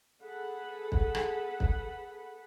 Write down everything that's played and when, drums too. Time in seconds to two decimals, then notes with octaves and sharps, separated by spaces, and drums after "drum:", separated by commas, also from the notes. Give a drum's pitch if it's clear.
0.23 G#4 A4 B4 F#5 B5
0.92 drum: kick
1.15 drum: rim click
1.60 drum: kick